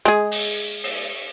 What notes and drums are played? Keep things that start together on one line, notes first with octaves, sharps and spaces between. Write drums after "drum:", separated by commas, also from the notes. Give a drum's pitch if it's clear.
G#3 G#4
drum: open hi-hat
drum: open hi-hat